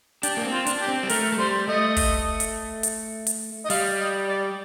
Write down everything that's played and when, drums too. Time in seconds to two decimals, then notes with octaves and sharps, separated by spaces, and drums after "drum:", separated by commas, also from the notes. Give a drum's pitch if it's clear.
0.23 D4 G4, drum: hi-hat
0.37 A#3
0.45 C4
0.52 F4
0.66 D4, drum: hi-hat
0.81 G4
0.88 C4
1.03 G3
1.09 A3 A#4, drum: open hi-hat
1.32 A3
1.38 G3 C5
1.68 A3 D#5
1.97 drum: kick, open hi-hat
2.40 drum: hi-hat
2.83 drum: hi-hat
3.27 drum: hi-hat
3.65 D#5
3.70 G3 F5, drum: open hi-hat
3.99 D#5
4.28 D5